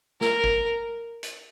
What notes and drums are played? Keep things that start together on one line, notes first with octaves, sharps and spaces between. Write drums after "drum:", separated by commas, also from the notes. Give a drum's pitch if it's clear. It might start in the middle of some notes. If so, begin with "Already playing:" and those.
A#4, drum: snare
drum: kick
drum: hi-hat